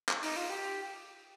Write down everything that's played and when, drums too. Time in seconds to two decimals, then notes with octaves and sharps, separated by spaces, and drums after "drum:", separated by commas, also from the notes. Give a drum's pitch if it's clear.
0.09 drum: clap
0.23 D#4, drum: open hi-hat
0.36 F4
0.50 G4